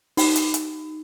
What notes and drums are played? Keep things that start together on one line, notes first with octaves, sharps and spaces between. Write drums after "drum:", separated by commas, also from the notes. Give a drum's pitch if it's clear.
D#4, drum: open hi-hat
drum: hi-hat
drum: hi-hat